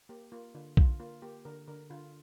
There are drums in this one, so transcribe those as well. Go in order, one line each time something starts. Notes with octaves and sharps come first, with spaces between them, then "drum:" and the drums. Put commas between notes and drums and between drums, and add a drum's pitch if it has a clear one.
A#3 G4
A#3 F4
D3 F4
D3 F4, drum: kick B1
A#3 F4
A#3 G4
D3 A#4
D3 A#4
D3 F4